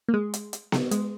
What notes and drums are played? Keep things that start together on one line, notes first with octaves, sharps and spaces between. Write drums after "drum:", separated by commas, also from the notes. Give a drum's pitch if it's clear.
A#3
G#3
drum: hi-hat
drum: hi-hat
drum: snare B3
G#3, drum: hi-hat